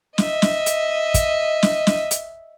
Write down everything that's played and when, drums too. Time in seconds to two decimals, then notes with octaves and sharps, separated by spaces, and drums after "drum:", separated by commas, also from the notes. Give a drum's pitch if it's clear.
0.18 D#5 E5, drum: snare
0.42 drum: snare
0.66 drum: hi-hat
1.14 drum: kick, hi-hat
1.63 drum: snare
1.87 drum: snare
2.11 drum: hi-hat